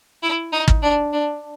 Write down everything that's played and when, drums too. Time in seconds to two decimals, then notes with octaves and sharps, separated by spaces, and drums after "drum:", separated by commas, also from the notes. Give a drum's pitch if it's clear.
0.23 E4
0.53 D#4
0.68 drum: kick
0.83 D4
1.13 D4